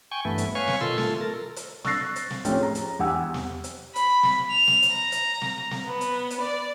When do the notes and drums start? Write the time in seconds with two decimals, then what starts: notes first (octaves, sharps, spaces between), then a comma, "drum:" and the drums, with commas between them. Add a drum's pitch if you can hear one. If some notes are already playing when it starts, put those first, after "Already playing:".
0.11 G5 G#5 C#6
0.25 G2 E3 A3 B3
0.38 drum: hi-hat
0.55 B4 C#5 F5 G#5 C#6
0.68 drum: snare
0.81 B2 D#3 F4 A4 C6 E6
0.98 A3 F4 A4, drum: snare
1.21 A4 A#4
1.56 drum: hi-hat
1.85 C#6 E6 F#6 A6 A#6 C7, drum: snare
2.16 drum: hi-hat
2.30 drum: snare
2.45 A2 F3 C4 C#4 G4, drum: hi-hat
2.59 G#4 A#5
2.75 drum: hi-hat
2.99 E2 G4 F#5 G#5 E6
3.34 drum: snare
3.64 drum: hi-hat
3.96 B5, drum: hi-hat
4.23 drum: snare
4.51 F7
4.67 drum: snare
4.82 drum: hi-hat
4.93 A#5
5.12 drum: hi-hat
5.42 drum: snare
5.71 drum: snare
5.86 B3
6.01 drum: hi-hat
6.30 drum: hi-hat
6.41 D5